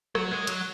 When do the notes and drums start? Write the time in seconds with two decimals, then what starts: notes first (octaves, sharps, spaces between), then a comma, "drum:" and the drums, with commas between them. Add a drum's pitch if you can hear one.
0.15 F#3, drum: rim click
0.31 G#3
0.47 F#3, drum: hi-hat